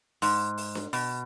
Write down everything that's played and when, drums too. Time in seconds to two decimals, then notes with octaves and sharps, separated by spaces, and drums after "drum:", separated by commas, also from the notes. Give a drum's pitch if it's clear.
0.22 G#2, drum: open hi-hat
0.57 drum: open hi-hat
0.75 drum: snare D4
0.93 B2, drum: open hi-hat